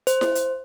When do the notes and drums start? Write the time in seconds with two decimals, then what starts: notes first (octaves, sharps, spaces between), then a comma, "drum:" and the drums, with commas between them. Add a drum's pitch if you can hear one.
0.07 C5, drum: hi-hat
0.21 drum: snare E4
0.35 drum: hi-hat